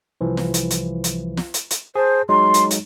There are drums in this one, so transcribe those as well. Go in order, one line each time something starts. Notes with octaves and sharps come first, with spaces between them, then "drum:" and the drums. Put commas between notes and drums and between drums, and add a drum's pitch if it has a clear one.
C2 E3 F3
drum: snare
drum: hi-hat
drum: hi-hat
drum: hi-hat
drum: snare
drum: hi-hat
drum: hi-hat
G#4 C5 A5
F#3 G#3 D#4 C6
drum: hi-hat
drum: hi-hat